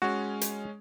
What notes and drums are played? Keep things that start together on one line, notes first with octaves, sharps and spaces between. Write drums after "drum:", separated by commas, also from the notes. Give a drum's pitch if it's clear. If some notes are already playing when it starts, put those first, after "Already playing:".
G#3 C#4 F#4
drum: hi-hat